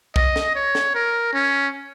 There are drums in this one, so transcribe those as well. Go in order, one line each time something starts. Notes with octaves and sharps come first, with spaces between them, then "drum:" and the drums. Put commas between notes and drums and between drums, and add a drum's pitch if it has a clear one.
D#5, drum: kick
drum: snare
C#5
drum: snare
A#4
C#4